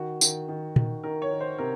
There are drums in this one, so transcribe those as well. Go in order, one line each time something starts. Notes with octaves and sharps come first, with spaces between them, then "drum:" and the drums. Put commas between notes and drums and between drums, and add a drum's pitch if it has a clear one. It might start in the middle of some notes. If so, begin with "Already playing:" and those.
Already playing: D#3 F#4
D#3, drum: tambourine
D#3
D#3, drum: tom A#2
D#3 A#4
C#5
D#3
C5
C3 A#4